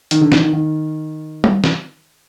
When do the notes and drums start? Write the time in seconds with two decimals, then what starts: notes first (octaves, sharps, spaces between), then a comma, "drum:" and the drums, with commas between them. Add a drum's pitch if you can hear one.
0.11 D#3, drum: hi-hat
0.21 D3
0.32 D#3, drum: snare
0.42 D#3
0.53 D#3
1.44 drum: tom G3
1.64 drum: snare